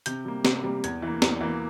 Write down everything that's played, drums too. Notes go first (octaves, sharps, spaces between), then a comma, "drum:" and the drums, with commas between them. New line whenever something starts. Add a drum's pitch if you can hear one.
C3 G6, drum: hi-hat
G3 A#3
C3, drum: snare
G3 A#3
E2 G#6, drum: hi-hat
E3 A#3
E2, drum: snare
E3 A#3